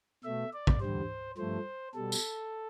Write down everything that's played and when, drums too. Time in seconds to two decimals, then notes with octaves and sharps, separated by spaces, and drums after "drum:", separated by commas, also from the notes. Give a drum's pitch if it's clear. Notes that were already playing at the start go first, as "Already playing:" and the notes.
0.24 B2 A3 E5
0.53 D5
0.67 drum: kick
0.80 E2 D3 G3 C5
1.37 G2 F3 A3 C5
1.94 B2 G3 A4
2.12 drum: tambourine